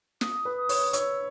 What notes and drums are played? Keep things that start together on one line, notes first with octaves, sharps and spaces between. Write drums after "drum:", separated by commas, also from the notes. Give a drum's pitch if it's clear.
D#6, drum: snare
B4
D#6
C#5, drum: open hi-hat
C#5 E6, drum: hi-hat